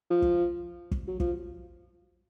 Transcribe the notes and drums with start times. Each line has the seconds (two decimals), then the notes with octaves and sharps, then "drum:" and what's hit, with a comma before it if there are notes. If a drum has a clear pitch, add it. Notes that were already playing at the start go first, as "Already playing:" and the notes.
0.10 F3
0.22 drum: kick
0.91 drum: kick
1.08 F#3
1.20 F3, drum: kick